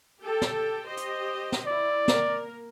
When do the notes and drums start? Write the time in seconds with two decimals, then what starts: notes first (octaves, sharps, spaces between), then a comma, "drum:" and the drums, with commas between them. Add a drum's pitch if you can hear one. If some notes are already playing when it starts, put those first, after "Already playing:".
0.22 G4 A4 G5
0.42 drum: snare
0.86 G4 C5 D#5
0.97 drum: hi-hat
1.52 drum: snare
1.67 E4 D5
2.08 A#3 A#4, drum: snare